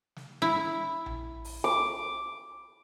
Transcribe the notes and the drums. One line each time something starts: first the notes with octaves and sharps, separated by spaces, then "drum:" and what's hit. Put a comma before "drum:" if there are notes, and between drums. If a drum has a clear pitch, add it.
drum: snare
E4
drum: tom A#1
drum: open hi-hat
D6